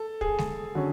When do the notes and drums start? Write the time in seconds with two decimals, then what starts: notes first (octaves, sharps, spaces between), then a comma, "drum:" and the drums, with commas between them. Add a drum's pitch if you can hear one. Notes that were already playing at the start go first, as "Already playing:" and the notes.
Already playing: A4
0.21 G#4, drum: kick
0.38 drum: snare G#3
0.75 D3 F#3 C#4